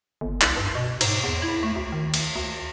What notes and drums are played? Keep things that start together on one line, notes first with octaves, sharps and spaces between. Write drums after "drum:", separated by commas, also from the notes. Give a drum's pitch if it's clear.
G1
C2, drum: clap
G2
B2
G#2, drum: cymbal
E2
E4
A3
D2
D#3
drum: cymbal
D2